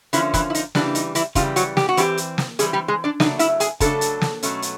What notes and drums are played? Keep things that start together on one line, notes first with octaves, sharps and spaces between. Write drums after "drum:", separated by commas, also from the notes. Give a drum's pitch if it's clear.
D3 E3 F3 A#3 C#4 E4, drum: hi-hat
E3 E4, drum: kick, hi-hat
E4
D#4, drum: hi-hat
C#3 E3 G3 D4, drum: snare
D#4, drum: hi-hat
E3 E4, drum: hi-hat
C#3 E3 G3 F4, drum: kick, hi-hat
F#3 F#4, drum: hi-hat
G4, drum: snare
F#4
E3 G3 C4 G4, drum: hi-hat
drum: hi-hat
drum: snare
E3 G3 C4 G#4, drum: hi-hat
G3 G4
G#3 G#4
D4 D5
C#3 F#3 A3 D4 D#4 D#5, drum: snare
E4 E5, drum: hi-hat
G#4 G#5, drum: hi-hat
C#3 F#3 A3 D4 A4 A5, drum: kick, hi-hat
drum: hi-hat
drum: snare
B2 F#3 A3 C#4, drum: hi-hat
drum: hi-hat